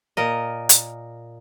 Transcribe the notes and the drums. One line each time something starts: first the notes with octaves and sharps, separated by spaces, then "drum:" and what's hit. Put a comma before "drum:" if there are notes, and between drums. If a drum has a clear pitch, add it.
A#2 A#4 D#5
drum: hi-hat